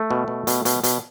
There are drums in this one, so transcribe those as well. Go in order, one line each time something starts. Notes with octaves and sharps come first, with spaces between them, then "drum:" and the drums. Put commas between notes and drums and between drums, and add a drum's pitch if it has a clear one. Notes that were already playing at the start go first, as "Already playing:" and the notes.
Already playing: A3
B2
B2
B2, drum: hi-hat
B2, drum: hi-hat
B2, drum: hi-hat